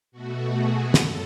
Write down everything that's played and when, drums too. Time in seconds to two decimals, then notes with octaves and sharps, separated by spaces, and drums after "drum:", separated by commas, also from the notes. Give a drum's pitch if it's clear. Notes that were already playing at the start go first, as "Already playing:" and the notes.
0.12 B2 A3 F#4
0.53 G#4
0.94 F#2 A4, drum: snare